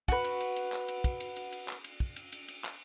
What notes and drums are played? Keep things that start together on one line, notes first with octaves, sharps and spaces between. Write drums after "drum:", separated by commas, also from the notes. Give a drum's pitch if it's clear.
F#4 B4, drum: kick, cymbal
drum: cymbal
drum: cymbal
drum: cymbal
drum: clap
drum: cymbal
drum: kick, cymbal
drum: cymbal
drum: cymbal
drum: cymbal
drum: clap
drum: cymbal
drum: kick
drum: cymbal
drum: cymbal
drum: cymbal
drum: clap